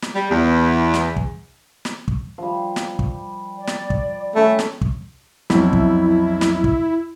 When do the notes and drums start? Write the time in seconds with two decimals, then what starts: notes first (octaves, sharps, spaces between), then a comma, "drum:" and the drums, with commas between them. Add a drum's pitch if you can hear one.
0.02 drum: snare
0.15 G3
0.31 E2
0.94 drum: snare
1.16 drum: kick
1.85 drum: snare
2.08 drum: kick
2.38 F3 G3
2.76 drum: snare
2.99 drum: kick
3.58 D5
3.67 drum: snare
3.90 drum: kick
4.35 G3 A3 C#4 A4
4.59 drum: snare
4.81 drum: kick
5.50 B1 F2 E4, drum: snare
5.73 drum: kick
6.41 drum: snare
6.64 drum: kick